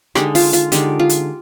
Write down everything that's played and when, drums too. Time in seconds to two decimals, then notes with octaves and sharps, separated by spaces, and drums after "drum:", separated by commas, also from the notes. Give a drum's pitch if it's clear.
0.15 D3 G#3 D#4 G4, drum: rim click
0.35 F4, drum: open hi-hat
0.53 F4, drum: hi-hat
0.72 D3 G#3 D#4 G4, drum: hi-hat
1.00 F4
1.09 drum: hi-hat